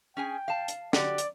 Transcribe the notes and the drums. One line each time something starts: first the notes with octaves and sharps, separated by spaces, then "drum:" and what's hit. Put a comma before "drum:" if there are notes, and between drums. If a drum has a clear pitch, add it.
C#4 G#4 G5 G#5
F5 A5
drum: hi-hat
D3 F#4 G4 D5, drum: snare
drum: hi-hat